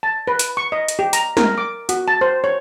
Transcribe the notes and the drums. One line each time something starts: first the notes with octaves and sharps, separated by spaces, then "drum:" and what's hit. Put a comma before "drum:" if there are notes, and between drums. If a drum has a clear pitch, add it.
A5
B4
drum: hi-hat
C#6
D#5
drum: hi-hat
G4
A#5, drum: hi-hat
A#4, drum: snare
D6
F#4, drum: hi-hat
A5
C5
C#5